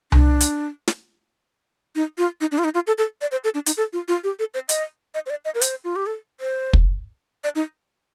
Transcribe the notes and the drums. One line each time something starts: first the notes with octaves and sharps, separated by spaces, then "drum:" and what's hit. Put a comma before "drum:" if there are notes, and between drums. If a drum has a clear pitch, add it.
D4, drum: tom C2
drum: hi-hat
drum: snare
D#4
F4
D#4
D4
F4
D#4
F4
A4
A4
D5
C5
A4
D4
D#4, drum: hi-hat
A4
F4
F4
G4
A4
C5
D#5, drum: hi-hat
D#5
C5
D5
D#5
A#4
C5, drum: hi-hat
F4
G4
A4
C5
drum: kick
D5
D#4